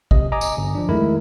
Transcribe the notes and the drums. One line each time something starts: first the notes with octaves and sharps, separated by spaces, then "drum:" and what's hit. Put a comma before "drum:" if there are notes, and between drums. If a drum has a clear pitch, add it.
C3 D#5, drum: kick
D#5 G#5 A#5 D6
drum: tambourine
G1
F3 D4
D#3 G#3 A3 E4 A#4, drum: tom F#2